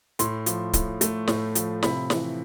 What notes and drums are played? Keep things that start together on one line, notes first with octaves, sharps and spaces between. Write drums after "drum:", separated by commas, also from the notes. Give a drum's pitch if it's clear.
A2 C6, drum: hi-hat
F3, drum: hi-hat
A2, drum: kick C#1, hi-hat
A3, drum: hi-hat
A2, drum: snare
F3, drum: hi-hat
C3 B5, drum: snare
E3, drum: snare